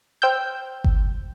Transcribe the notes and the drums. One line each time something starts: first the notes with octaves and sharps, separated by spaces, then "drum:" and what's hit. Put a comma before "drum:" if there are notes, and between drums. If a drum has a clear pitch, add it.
C5 G5 E6 F6 G6
drum: kick G1